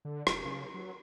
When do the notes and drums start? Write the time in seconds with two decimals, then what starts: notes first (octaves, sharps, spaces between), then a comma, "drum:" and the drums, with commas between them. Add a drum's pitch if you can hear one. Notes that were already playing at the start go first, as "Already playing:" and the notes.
0.05 D3
0.27 F1, drum: rim click
0.45 C#3
0.74 F#3